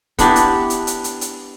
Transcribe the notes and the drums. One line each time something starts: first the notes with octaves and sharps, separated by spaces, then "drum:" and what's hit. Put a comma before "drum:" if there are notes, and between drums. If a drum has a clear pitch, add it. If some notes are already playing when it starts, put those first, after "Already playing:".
B3 D4 E4 G4, drum: kick C#1, hi-hat
drum: hi-hat
drum: hi-hat
drum: hi-hat
drum: hi-hat
drum: hi-hat